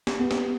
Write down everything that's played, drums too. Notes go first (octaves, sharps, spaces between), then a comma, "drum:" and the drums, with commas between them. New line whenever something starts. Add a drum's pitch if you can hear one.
drum: snare
B3
drum: snare